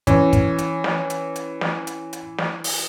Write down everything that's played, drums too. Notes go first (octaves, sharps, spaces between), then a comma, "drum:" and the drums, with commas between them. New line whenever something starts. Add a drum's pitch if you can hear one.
E3 C#4, drum: kick, hi-hat
drum: kick, hi-hat
drum: hi-hat
drum: snare
drum: hi-hat
drum: hi-hat
drum: snare
drum: hi-hat
drum: hi-hat
drum: snare
drum: open hi-hat